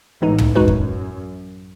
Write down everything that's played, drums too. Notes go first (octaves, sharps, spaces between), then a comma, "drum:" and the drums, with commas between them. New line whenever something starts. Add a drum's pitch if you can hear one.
A1 A2 E3 G#3 B3 D#4
drum: tom
F#2 A2 G#3 D#4 F#4 B4
drum: kick E2